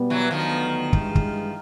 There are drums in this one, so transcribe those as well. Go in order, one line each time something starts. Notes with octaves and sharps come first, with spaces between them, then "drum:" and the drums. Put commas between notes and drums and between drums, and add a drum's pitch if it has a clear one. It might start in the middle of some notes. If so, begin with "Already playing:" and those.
Already playing: B2 G3 B3
E3 F#3
D2 D3 D#3 F3 F#3 B3
G2 E3 G#3, drum: kick
drum: kick